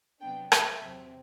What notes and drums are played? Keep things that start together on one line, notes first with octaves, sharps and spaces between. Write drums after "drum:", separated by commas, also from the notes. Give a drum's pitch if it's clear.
C3 F#3 B3 D4 G5
E5, drum: rim click
E2 C3 F#3 C4